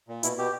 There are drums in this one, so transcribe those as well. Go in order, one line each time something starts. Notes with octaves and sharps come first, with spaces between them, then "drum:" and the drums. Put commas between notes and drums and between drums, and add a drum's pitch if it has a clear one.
A#2
B2 E4, drum: hi-hat
B2 G4